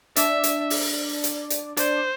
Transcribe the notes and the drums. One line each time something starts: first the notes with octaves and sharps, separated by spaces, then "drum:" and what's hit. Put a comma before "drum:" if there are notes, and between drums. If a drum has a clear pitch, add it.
D4 D5 E5, drum: hi-hat
drum: hi-hat
drum: open hi-hat
drum: hi-hat
drum: hi-hat
D4 C5 D5, drum: hi-hat